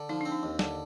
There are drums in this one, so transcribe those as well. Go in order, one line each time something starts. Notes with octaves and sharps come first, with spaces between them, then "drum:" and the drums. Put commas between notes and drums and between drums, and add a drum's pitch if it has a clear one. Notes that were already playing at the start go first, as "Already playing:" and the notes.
Already playing: D3
F3 D#4
C4 D4
D#4
D#2
D3, drum: snare